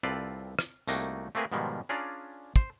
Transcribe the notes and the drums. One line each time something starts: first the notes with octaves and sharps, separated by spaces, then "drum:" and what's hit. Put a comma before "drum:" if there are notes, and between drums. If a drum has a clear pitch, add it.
C2 C4 F4 A4 B4 D5
drum: rim click
C2 A3 A#3 D#4 F#4 G5, drum: tambourine
A3 A#3 C4 G#4 A#4 B4
G#2 B2 D#3 F3 G3 G#3
C#4 D4 F4 G#4 D5 A#5
C5, drum: kick